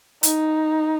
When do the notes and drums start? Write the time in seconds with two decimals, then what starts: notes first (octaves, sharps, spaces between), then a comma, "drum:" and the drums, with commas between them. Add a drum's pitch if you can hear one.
0.23 D#4, drum: hi-hat